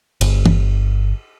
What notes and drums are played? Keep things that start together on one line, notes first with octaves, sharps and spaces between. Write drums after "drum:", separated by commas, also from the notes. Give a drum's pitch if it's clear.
G1, drum: cymbal
drum: tom